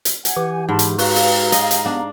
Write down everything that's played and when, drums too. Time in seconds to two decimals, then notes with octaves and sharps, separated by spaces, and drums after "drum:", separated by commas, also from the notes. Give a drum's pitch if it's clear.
0.05 drum: hi-hat
0.25 F#5 G#5, drum: hi-hat
0.37 E3 G4
0.69 G#2 A5 B5
0.79 drum: hi-hat
0.98 F#4 G4 B4 F5 A#5, drum: open hi-hat
1.16 drum: open hi-hat
1.52 D#5, drum: hi-hat
1.71 drum: hi-hat
1.86 B3 D4